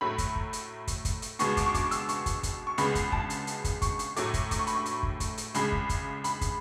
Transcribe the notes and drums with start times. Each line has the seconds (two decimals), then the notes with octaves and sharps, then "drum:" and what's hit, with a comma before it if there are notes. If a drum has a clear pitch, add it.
0.01 A2 F#3 A3 B5
0.18 drum: kick, hi-hat
0.36 drum: kick
0.53 drum: hi-hat
0.87 drum: kick, hi-hat
1.05 drum: kick, hi-hat
1.22 drum: hi-hat
1.39 C#2 B2 G#3 B3 C#6, drum: hi-hat
1.57 D6, drum: kick, hi-hat
1.66 C#6
1.74 D6, drum: kick, hi-hat
1.91 E6, drum: hi-hat
2.09 C#6, drum: hi-hat
2.26 drum: kick, hi-hat
2.43 drum: kick, hi-hat
2.67 C#6
2.78 C#2 C#3 G#3 B3 B5, drum: hi-hat
2.95 drum: kick, hi-hat
3.12 A5, drum: kick
3.30 drum: hi-hat
3.47 drum: hi-hat
3.64 drum: kick, hi-hat
3.82 C#6, drum: kick, hi-hat
3.99 drum: hi-hat
4.16 A2 F#3 A3 D6, drum: hi-hat
4.34 drum: kick, hi-hat
4.51 D6, drum: kick, hi-hat
4.59 C#6
4.67 B5, drum: hi-hat
4.75 C#6
4.86 drum: hi-hat
5.03 drum: kick
5.20 drum: kick, hi-hat
5.37 drum: hi-hat
5.54 C#2 C#3 G#3 B5, drum: hi-hat
5.72 drum: kick
5.89 drum: kick, hi-hat
6.24 B5, drum: hi-hat
6.41 drum: kick, hi-hat